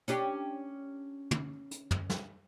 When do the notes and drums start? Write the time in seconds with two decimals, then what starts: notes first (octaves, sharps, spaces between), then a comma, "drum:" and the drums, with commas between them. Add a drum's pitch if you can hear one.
0.08 C#4 D4 G4, drum: hi-hat
1.31 drum: tom
1.71 drum: hi-hat
1.91 drum: tom
2.10 drum: snare